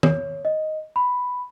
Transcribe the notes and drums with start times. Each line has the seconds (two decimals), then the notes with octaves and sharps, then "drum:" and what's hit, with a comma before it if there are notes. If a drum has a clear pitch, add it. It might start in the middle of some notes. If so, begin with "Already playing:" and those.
0.03 C#5, drum: tom D#3
0.45 D#5
0.96 B5